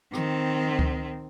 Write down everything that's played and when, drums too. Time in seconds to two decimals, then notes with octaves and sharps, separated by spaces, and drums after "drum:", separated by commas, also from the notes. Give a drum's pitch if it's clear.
0.14 D#3 C4, drum: rim click
0.79 drum: kick C#2